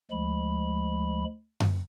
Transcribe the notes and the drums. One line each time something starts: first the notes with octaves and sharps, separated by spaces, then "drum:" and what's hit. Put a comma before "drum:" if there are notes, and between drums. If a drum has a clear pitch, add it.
D2 F3 G#3 B5
drum: tom F#2